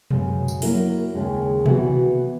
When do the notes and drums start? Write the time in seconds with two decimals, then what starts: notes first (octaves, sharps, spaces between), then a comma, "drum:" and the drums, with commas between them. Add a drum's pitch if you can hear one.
0.11 F#2 C#3 G#3 B3, drum: tom B2
0.48 drum: tambourine
0.62 F#3 A#3 E4 A#4 E5, drum: open hi-hat
1.15 D#2 C#3 G#3 D#4
1.66 E3 B3 F#4 B4 E5, drum: tom B2